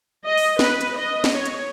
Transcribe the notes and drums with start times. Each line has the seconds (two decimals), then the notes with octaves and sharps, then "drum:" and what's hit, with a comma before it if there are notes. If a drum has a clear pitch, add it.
0.25 D#5
0.37 drum: open hi-hat
0.59 B4, drum: snare
0.81 drum: hi-hat
0.97 D#5
1.24 drum: snare
1.35 C#5
1.45 drum: hi-hat